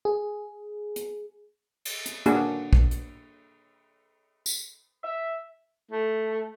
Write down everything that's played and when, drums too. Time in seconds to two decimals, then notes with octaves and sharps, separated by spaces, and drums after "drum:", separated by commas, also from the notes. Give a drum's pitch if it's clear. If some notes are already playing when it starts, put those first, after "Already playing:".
0.05 G#4
0.96 drum: hi-hat
1.85 drum: cymbal
2.06 drum: hi-hat
2.26 A#3 D4 F#4 G#4, drum: hi-hat
2.73 drum: kick
2.91 drum: hi-hat
4.46 drum: tambourine
5.04 E5
5.91 A3